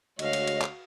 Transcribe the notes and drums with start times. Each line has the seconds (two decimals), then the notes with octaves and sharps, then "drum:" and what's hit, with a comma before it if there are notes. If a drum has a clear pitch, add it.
0.19 D2 G#3 F#4 C#5 D#5 F5, drum: cymbal
0.33 drum: cymbal
0.47 drum: cymbal
0.62 drum: clap